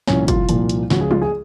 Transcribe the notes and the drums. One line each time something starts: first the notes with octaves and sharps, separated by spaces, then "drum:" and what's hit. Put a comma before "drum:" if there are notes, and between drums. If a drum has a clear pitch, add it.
C2 A#2 F3 C#4, drum: snare
F4, drum: kick, hi-hat
C2 A#2 F3, drum: hi-hat
drum: hi-hat
C#2 C#3 F3 F#4, drum: snare
G#4
F4, drum: tom F#3
G#4